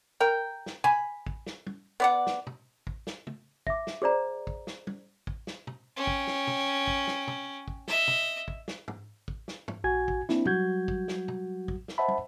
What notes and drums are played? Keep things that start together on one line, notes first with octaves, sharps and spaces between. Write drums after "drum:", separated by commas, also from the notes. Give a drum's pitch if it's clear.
A#4 G5
drum: snare
G#5 B5, drum: tom
drum: kick
drum: snare
drum: tom
B3 D5 F#5
drum: snare
drum: tom
drum: kick
drum: snare
drum: tom
E5 D6, drum: kick
drum: snare
G#4 C5 D5 A#5
drum: kick
drum: snare
drum: tom
drum: kick
drum: snare
drum: tom
C#4 G5
drum: kick
drum: snare
drum: tom
drum: kick
drum: snare
drum: tom
drum: kick
D#5 E5, drum: snare
drum: tom
drum: kick
drum: snare
drum: tom
drum: kick
drum: snare
drum: tom
A#1 F#4 G#5 G#6
drum: kick
A#3 C4 D4 E4, drum: snare
F#3 G3 F#4 G6 G#6, drum: tom
drum: kick
drum: snare
drum: tom
drum: kick
drum: snare
C5 D#5 E5 F#5 A5 B5
drum: tom